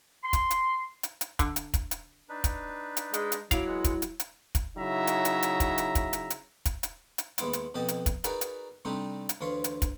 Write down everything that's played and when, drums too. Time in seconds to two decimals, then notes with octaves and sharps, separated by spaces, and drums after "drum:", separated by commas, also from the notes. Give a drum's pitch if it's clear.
0.24 C6
0.33 drum: kick, hi-hat
0.51 drum: hi-hat
1.03 drum: hi-hat
1.21 drum: hi-hat
1.39 D3, drum: kick, hi-hat
1.56 drum: hi-hat
1.74 drum: kick, hi-hat
1.91 drum: hi-hat
2.29 D4 D#4 B4
2.44 drum: kick, hi-hat
2.97 drum: hi-hat
3.14 G#3, drum: hi-hat
3.32 drum: hi-hat
3.51 F#3 E4 F5 D6, drum: kick, hi-hat
3.67 G#3 B3 F#5
3.84 drum: kick, hi-hat
4.02 drum: hi-hat
4.20 drum: hi-hat
4.55 drum: kick, hi-hat
4.77 C#3 F#3 D#4 E4 E5 A#5
5.07 drum: hi-hat
5.25 drum: hi-hat
5.43 drum: hi-hat
5.60 drum: kick, hi-hat
5.78 drum: hi-hat
5.95 drum: kick, hi-hat
6.13 drum: hi-hat
6.30 drum: hi-hat
6.65 drum: kick, hi-hat
6.83 drum: hi-hat
7.18 drum: hi-hat
7.38 D#2 G#3 B3 E4 C6 D6, drum: hi-hat
7.53 drum: hi-hat
7.74 F2 B2 G4 D#5 A5
7.88 drum: hi-hat
8.06 drum: kick, hi-hat
8.24 D#4 F#4 G#4 A#4 B4 D5, drum: hi-hat
8.41 drum: hi-hat
8.85 C3 G3 A3 C4 D4 D#4
9.29 drum: hi-hat
9.41 D2 E3 F4 C#5 C6
9.64 drum: hi-hat
9.82 drum: kick, hi-hat